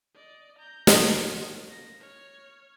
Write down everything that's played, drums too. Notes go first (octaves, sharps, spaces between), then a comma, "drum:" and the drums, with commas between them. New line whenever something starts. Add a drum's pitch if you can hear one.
D5 D#5
A#5 G6
drum: snare
F#4
C#4
A#3 A#6
C#5 F6